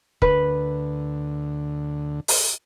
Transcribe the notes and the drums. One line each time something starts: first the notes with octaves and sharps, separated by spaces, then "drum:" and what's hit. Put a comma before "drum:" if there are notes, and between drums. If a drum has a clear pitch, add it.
D2 D3 B4, drum: kick
drum: open hi-hat